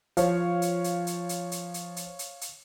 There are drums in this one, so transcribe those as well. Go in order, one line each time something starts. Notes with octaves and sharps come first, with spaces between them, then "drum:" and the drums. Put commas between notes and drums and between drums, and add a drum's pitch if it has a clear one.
F3 C#5 F5, drum: hi-hat
drum: hi-hat
drum: hi-hat
drum: hi-hat
drum: hi-hat
drum: hi-hat
drum: hi-hat
drum: hi-hat
drum: hi-hat
drum: hi-hat